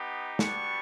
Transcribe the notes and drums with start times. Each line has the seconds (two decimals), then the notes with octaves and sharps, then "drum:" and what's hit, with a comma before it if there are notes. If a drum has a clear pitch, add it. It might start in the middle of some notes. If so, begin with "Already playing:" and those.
Already playing: B3 D#4 G4
0.39 G3 B3 D4 F#4 C#6, drum: snare